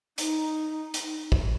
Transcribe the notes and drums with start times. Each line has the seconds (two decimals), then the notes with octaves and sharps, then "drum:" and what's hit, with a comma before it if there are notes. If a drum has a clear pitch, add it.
0.18 D#4, drum: hi-hat
0.94 drum: hi-hat
1.32 drum: kick